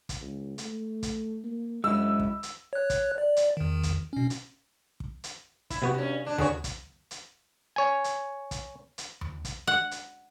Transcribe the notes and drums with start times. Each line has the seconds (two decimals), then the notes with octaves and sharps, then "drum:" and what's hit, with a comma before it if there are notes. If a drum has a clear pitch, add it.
0.09 drum: kick, hi-hat
0.21 C#2
0.58 A3, drum: hi-hat
1.03 drum: kick, hi-hat
1.44 A#3
1.84 F#2 G#3 E4 E6
2.20 drum: kick
2.43 drum: hi-hat
2.73 C#5 F#6
2.90 drum: kick, hi-hat
3.18 D5
3.37 drum: hi-hat
3.57 E2 D#3
3.83 drum: kick, hi-hat
4.13 B2 C#4
4.30 drum: hi-hat
5.00 drum: kick
5.24 drum: hi-hat
5.70 E4, drum: kick, hi-hat
5.82 C3 B3 F#4
5.94 G2 C#4
6.25 G#3 D4
6.38 B2 D3 F#4 G#4 C#5, drum: tom D#2
6.64 drum: kick, hi-hat
7.11 drum: hi-hat
7.76 C#5 G#5
8.04 drum: hi-hat
8.51 drum: kick, hi-hat
8.98 drum: hi-hat
9.21 drum: tom D#2
9.45 drum: kick, hi-hat
9.67 F#5
9.91 drum: hi-hat